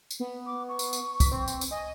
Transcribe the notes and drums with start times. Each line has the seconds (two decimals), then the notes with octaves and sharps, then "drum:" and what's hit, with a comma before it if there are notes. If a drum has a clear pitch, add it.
0.11 drum: tambourine
0.20 B3
0.46 D6
0.69 C#6
0.79 drum: tambourine
0.93 drum: tambourine
1.20 B6, drum: kick, tambourine
1.32 C4
1.48 drum: tambourine
1.61 drum: tambourine
1.71 D#5 G#5